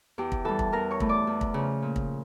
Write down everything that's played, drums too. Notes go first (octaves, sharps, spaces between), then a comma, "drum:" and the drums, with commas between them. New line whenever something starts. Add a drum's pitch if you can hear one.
E2 G4 G5
drum: kick
E3 G3 A4 A5
drum: kick
E2 A#4 A#5
C#5 C#6
E3 A3, drum: kick
D5 D6
E2
drum: kick
C#3 F3
A#2
drum: kick